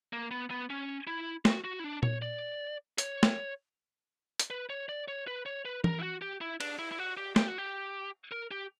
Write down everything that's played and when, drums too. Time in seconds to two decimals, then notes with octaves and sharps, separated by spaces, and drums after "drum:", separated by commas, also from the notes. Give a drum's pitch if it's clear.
0.13 A#3
0.31 B3
0.50 B3
0.70 C#4
1.07 E4
1.45 F#4, drum: snare
1.64 F#4
1.79 E4
1.84 D4
2.03 C#5, drum: tom A#2
2.22 D5
2.98 C#5, drum: hi-hat
3.23 drum: snare
4.40 drum: hi-hat
4.50 B4
4.70 C#5
4.89 D5
5.08 C#5
5.27 B4
5.46 C#5
5.65 B4
5.84 A#4, drum: tom E3
5.99 E4
6.03 F#4
6.22 G4
6.41 E4
6.60 D4, drum: cymbal
6.79 E4
6.92 E4
6.99 F#4
7.17 G4
7.36 G4, drum: snare
7.48 F#4
7.58 G4
8.32 A#4
8.51 G4